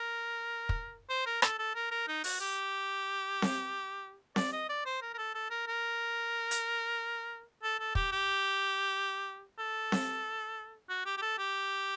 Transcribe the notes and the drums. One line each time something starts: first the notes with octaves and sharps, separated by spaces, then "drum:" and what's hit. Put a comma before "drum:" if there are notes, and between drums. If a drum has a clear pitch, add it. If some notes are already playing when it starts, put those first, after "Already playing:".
Already playing: A#4
drum: kick
C5
A#4
A4, drum: rim click
A4
A#4
A#4
D#4
F#4, drum: open hi-hat
G4
drum: snare C4
D5, drum: snare C4
D#5
D5
C5
A#4
A#4
A4
A4
A#4
A#4
drum: hi-hat
A4
A4
G4, drum: kick
G4
A4
drum: snare C4
F#4
G4
G4
A4
G4